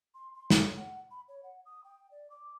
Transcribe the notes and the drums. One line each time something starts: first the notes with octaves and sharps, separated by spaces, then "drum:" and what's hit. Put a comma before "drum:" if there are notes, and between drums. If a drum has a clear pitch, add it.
C6
C6
C#5, drum: snare
F#5
B5
C#5
F#5
D#6
G5
D5
D6